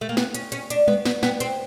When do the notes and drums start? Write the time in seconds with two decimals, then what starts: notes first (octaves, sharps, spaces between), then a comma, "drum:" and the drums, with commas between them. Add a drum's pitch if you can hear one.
0.01 A3
0.09 A#3
0.17 B3, drum: snare
0.34 C#4, drum: hi-hat
0.52 C#4, drum: hi-hat
0.70 D4, drum: hi-hat
0.88 B3, drum: tom G3
1.05 B3, drum: snare
1.23 B3, drum: snare
1.40 C4, drum: hi-hat